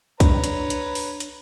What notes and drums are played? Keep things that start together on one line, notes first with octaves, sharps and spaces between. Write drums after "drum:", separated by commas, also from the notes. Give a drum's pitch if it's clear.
D4 B4 C#5 A#5, drum: kick B1, hi-hat
D4, drum: hi-hat
drum: hi-hat
drum: open hi-hat
drum: hi-hat